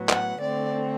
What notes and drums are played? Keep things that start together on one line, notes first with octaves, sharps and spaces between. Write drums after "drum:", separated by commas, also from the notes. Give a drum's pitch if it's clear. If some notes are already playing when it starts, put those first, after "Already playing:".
Already playing: A2 F#3 B3
F#5, drum: clap
D3 A3 C4 D5